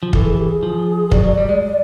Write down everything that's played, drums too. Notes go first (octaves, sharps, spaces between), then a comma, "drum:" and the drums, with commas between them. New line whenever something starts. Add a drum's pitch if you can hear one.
F3
E3 A4, drum: kick
G#4
G4
G#4
F3
F#3 D5, drum: kick
F#3
G3
G#3